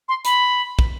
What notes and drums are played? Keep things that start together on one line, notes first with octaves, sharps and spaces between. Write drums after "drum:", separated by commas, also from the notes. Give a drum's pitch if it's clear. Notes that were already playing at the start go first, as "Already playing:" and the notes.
C6
B5, drum: hi-hat
drum: kick